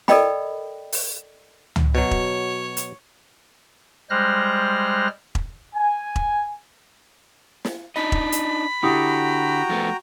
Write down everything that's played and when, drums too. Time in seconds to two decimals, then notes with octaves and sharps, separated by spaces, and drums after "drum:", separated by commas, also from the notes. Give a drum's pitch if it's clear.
0.08 A4 A#4 D5 D#5 G5 B5, drum: snare
0.92 drum: open hi-hat
1.76 drum: tom C#2
1.95 B2 F#3 C#5
2.11 drum: kick E1
2.77 drum: hi-hat
4.10 G3 G#3 C5 F6 F#6 A#6
5.35 drum: kick E1
5.75 G#5
6.16 drum: kick E1
7.65 drum: snare
7.96 D4 D#4 D#5 B5
8.12 drum: kick E1
8.32 drum: hi-hat
8.83 D3 E4 F#4 G4 G5 A#5 D#6
9.69 F2 A3 B3